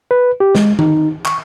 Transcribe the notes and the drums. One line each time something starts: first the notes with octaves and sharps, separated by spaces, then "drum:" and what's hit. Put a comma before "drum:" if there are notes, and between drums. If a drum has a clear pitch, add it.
B4
G4
G#3, drum: snare
D#4, drum: tom D#3
C#6, drum: clap